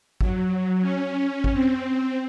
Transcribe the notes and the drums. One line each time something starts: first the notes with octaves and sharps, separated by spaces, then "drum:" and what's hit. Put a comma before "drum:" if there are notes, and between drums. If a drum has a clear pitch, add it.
F#3, drum: kick
C#4
drum: kick
C4